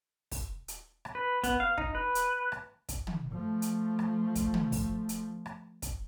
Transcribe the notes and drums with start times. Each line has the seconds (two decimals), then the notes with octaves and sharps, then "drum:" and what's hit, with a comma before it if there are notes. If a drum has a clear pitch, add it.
0.32 drum: kick, open hi-hat
0.68 drum: hi-hat
1.05 drum: rim click
1.15 B4
1.44 B3, drum: kick, hi-hat
1.60 F5
1.78 D#4, drum: kick
1.95 B4
2.15 drum: hi-hat
2.52 drum: rim click
2.89 drum: kick, hi-hat
3.07 drum: tom
3.32 F3 A3
3.62 drum: hi-hat
3.99 drum: rim click
4.35 drum: kick, hi-hat
4.54 drum: tom
4.72 drum: kick, open hi-hat
5.09 drum: hi-hat
5.46 drum: rim click
5.82 drum: kick, hi-hat